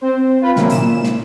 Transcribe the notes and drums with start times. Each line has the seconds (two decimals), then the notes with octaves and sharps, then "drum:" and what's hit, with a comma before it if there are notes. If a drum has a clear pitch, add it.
0.01 C4 C5
0.41 F4 B4 B5
0.56 C3 D#3 F#3 A#3 C#4 E4, drum: snare
0.70 A#2 E7, drum: hi-hat
1.04 drum: snare